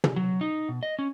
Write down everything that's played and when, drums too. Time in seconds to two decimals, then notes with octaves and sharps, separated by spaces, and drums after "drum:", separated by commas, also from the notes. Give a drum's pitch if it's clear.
0.04 drum: tom
0.16 F#3
0.41 D#4
0.69 B2
0.83 D#5
0.99 C#4